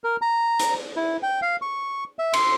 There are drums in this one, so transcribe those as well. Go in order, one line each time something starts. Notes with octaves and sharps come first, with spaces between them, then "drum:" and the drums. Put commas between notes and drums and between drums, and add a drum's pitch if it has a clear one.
A#4
A#5
drum: hi-hat
E4
G5
F5
C#6
E5
C6, drum: cymbal